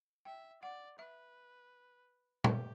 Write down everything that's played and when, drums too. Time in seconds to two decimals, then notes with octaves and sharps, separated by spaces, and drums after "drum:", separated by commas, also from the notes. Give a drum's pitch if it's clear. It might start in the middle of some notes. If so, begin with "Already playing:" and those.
0.25 E5 G5
0.62 D5 F#5
0.98 B4 E5
2.44 G4 E5, drum: tom